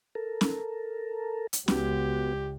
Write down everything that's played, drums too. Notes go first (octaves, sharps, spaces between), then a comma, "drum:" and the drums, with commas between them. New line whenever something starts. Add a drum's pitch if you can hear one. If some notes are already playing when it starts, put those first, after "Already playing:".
A4 A#4
drum: snare C#4
drum: hi-hat
C#2 G#3 B3 F#4 G4, drum: snare C#4